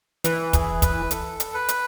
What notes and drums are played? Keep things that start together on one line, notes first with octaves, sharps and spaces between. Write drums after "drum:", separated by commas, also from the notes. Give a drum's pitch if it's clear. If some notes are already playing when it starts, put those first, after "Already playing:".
E3 B4, drum: hi-hat
G#4, drum: kick, hi-hat
B4, drum: kick, hi-hat
A4, drum: hi-hat
drum: hi-hat
B4
drum: hi-hat